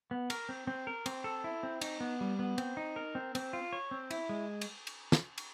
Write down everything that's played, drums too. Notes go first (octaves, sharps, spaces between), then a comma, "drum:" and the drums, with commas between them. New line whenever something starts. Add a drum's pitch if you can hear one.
B3
A#4, drum: cymbal
C4
C4
A#4
C4, drum: cymbal
A4
E4
C4
D#4, drum: cymbal
B3
G3
B3
C4, drum: cymbal
D#4
A#4
C4
C4, drum: cymbal
F4
C#5
C4
E4, drum: cymbal
G#3
drum: cymbal
drum: cymbal
drum: snare
drum: cymbal